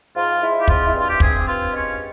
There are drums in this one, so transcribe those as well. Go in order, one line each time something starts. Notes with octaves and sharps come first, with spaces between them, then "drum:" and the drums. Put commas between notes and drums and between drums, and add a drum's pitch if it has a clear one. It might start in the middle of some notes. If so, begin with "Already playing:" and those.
G#2 F4
G#3 E4
G4
C4 F4, drum: kick
E4
G2 F4
G4
C4 G#4, drum: kick
G2 F4
G#3 C#4